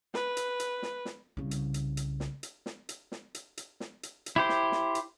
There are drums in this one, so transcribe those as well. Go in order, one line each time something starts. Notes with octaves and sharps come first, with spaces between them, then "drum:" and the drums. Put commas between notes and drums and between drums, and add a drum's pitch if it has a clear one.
B4, drum: snare
drum: hi-hat
drum: hi-hat
drum: snare
drum: snare
C2 C#3
drum: hi-hat
drum: hi-hat
drum: hi-hat
drum: snare
drum: hi-hat
drum: snare
drum: hi-hat
drum: snare
drum: hi-hat
drum: hi-hat
drum: snare
drum: hi-hat
drum: hi-hat
E4 G4 C5
drum: snare
drum: snare
drum: hi-hat